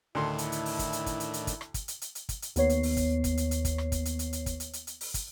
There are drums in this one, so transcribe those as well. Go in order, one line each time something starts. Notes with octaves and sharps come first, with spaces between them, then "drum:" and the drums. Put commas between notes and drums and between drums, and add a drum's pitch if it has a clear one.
D2 A2 D#3 D4 E4 C6
drum: hi-hat
drum: hi-hat
drum: open hi-hat
drum: kick, hi-hat
drum: hi-hat
drum: kick, hi-hat
drum: hi-hat
drum: hi-hat
drum: kick, hi-hat
drum: rim click
drum: kick, hi-hat
drum: hi-hat
drum: hi-hat
drum: hi-hat
drum: kick, hi-hat
drum: hi-hat
D#2 B3 C#5 C7, drum: hi-hat
drum: hi-hat
drum: open hi-hat
drum: kick, hi-hat
drum: kick, hi-hat
drum: hi-hat
drum: hi-hat
drum: kick, hi-hat
drum: rim click
drum: kick, hi-hat
drum: hi-hat
drum: hi-hat
drum: hi-hat
drum: kick, hi-hat
drum: hi-hat
drum: hi-hat
drum: hi-hat
drum: open hi-hat
drum: kick, hi-hat